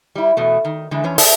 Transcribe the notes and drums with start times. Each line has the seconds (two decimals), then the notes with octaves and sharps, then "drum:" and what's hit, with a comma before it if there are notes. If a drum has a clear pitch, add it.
0.15 G3 E4
0.37 E2 B2 A3
0.65 D#3
0.91 D3 E3 G#3 A3
1.04 F2 E3 C#4
1.18 G#4 A4 C5 D5 E5 A5, drum: open hi-hat